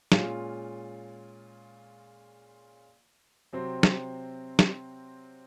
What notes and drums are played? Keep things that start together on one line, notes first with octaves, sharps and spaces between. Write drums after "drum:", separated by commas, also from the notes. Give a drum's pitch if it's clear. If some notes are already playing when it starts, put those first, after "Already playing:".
A#2 G#3 C#4 F4, drum: snare
C3 F#3 C4
drum: snare
drum: snare